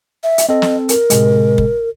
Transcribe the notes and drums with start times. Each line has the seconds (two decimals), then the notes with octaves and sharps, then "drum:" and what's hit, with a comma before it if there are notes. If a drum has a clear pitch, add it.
0.24 E5
0.38 drum: hi-hat
0.49 C4 A4 D#5
0.62 drum: snare
0.89 A#4, drum: hi-hat
1.10 A2 C3 G#3, drum: hi-hat
1.58 drum: kick